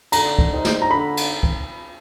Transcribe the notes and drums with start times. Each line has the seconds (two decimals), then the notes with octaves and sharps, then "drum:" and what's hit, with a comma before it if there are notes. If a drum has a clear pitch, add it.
0.12 D3 A#5, drum: cymbal
0.39 drum: kick
0.52 G3 C4 D#4
0.65 drum: snare
0.82 A#5
0.91 D3 B5
1.17 drum: cymbal
1.43 drum: kick